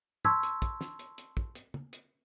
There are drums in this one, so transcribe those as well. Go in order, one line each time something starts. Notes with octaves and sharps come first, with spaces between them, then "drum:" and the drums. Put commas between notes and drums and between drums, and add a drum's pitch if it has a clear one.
A5 C6 C#6 E6 G#6 B6, drum: tom
drum: hi-hat
drum: kick, hi-hat
drum: snare
drum: hi-hat
drum: hi-hat
drum: kick
drum: hi-hat
drum: tom
drum: hi-hat